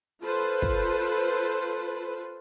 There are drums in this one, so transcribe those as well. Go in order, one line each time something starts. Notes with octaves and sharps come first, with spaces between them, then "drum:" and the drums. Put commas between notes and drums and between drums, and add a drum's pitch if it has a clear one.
F4 A4 B4 C5
drum: kick